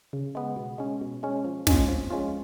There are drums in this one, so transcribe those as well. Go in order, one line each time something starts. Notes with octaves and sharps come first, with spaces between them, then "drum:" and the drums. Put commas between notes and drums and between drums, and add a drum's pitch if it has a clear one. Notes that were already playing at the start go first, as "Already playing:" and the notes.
C#3
G#3 B3
B2
G#3 C#4
B2
G#3 C#4
F3
G#3 C#4 F4, drum: snare
F3
G#3 C#4 F4